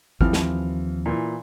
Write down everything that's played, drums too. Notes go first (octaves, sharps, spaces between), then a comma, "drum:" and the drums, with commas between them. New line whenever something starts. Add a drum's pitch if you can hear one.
D#2 E3 F3 C4 F6, drum: kick G#1
drum: snare
A#2 E3